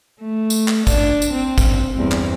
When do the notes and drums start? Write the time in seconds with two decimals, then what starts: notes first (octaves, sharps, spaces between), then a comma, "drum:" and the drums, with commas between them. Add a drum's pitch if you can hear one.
0.21 A3
0.50 drum: tambourine
0.68 drum: clap
0.87 D4, drum: kick, tambourine
1.22 drum: tambourine
1.33 C4
1.58 drum: kick, tambourine
1.94 E2 G2 C4
2.11 drum: clap